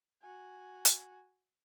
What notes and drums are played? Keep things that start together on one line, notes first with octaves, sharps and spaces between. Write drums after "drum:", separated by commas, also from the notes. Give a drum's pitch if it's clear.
F#4 G#5
drum: hi-hat